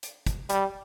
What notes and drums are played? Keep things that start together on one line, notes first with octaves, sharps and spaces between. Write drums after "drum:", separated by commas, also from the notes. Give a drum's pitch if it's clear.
drum: hi-hat
drum: kick, hi-hat
G3, drum: hi-hat